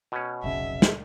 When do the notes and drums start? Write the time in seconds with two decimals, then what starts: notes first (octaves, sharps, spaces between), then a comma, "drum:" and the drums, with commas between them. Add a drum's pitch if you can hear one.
0.12 B2 C#4
0.44 F1 B1 C#3 E5
0.82 drum: snare